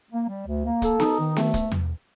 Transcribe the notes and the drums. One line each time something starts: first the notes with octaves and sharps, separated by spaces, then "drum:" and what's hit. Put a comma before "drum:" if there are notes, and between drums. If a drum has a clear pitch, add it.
A#3
G3
D2
A#3
A4, drum: kick, hi-hat
D#4, drum: snare B3
D#3
A3, drum: snare B3
drum: kick, hi-hat
drum: tom E2